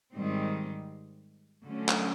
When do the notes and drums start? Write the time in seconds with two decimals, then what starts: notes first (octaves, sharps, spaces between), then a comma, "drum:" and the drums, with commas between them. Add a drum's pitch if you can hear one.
0.13 G#2 D#3 G3 C4
1.65 D3 F#3 A3 C#4
1.89 drum: clap